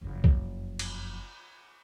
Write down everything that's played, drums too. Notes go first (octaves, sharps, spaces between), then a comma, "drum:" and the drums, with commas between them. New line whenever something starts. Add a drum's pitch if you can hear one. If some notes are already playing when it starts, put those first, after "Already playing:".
F#1 F2
drum: kick
drum: cymbal